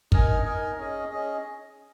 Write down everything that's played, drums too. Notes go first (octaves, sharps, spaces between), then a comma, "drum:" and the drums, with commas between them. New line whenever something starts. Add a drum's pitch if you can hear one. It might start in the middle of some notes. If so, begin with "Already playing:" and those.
D#4 A#4 D#5 G#5, drum: kick
D#4 A#4 D#5 G#5
C#4 G#4 D#5
C#4 G#4 D#5